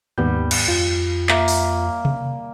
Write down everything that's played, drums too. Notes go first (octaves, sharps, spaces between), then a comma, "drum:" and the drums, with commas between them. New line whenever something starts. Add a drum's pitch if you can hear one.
D#2 G#2 G3 B3 G6
drum: cymbal
F2 F4
A#3 E5, drum: clap
drum: open hi-hat
drum: tom C3